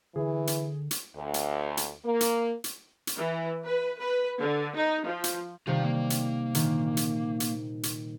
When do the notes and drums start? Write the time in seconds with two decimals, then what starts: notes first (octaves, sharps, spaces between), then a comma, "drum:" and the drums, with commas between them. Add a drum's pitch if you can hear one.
0.16 D3 E3 G#4
0.47 drum: hi-hat
0.91 drum: hi-hat
1.15 D2
1.34 drum: hi-hat
1.77 drum: hi-hat
2.05 A#3
2.21 drum: hi-hat
2.64 drum: hi-hat
3.07 drum: hi-hat
3.16 E3
3.65 B4
4.00 B4
4.40 D3
4.76 D#4
5.06 F3
5.24 drum: hi-hat
5.67 C3 D#3 G3 F4 C5 F5
5.84 A#3
6.10 drum: hi-hat
6.55 A#2 D#3, drum: hi-hat
6.97 drum: hi-hat
7.40 drum: hi-hat
7.83 drum: hi-hat